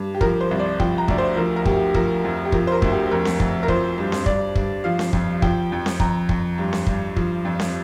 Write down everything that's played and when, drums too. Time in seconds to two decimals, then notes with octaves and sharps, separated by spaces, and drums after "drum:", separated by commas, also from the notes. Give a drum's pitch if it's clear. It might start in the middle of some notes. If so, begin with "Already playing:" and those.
Already playing: G2
0.15 G4
0.21 F3 A#4, drum: kick
0.41 C5
0.51 C2
0.59 D5
0.80 F3 G5, drum: kick
0.98 A#5
1.08 D2 D5, drum: kick
1.18 C5
1.37 F3 A#4
1.56 A#4
1.65 D2 G4, drum: kick
1.94 F3 A#4, drum: kick
2.25 F2
2.45 G4
2.52 F3 A#4, drum: kick
2.67 C5
2.72 A#4
2.82 D2, drum: kick
2.92 G4
3.06 G4
3.11 F2 A#4
3.25 drum: snare C4
3.40 F2, drum: kick
3.63 A#4
3.68 F3 C5, drum: kick
3.98 G2
4.12 drum: snare C4
4.26 G2 D5, drum: kick
4.55 G2, drum: kick
4.84 F3 F5
4.99 drum: snare C4
5.13 F2, drum: kick
5.42 F3 G5, drum: kick
5.72 F2
5.86 drum: snare C4
6.00 F2 A#5, drum: kick
6.29 F2, drum: kick
6.58 G2
6.73 drum: snare C4
6.87 G2, drum: kick
7.16 F3, drum: kick
7.45 F2
7.60 drum: snare C4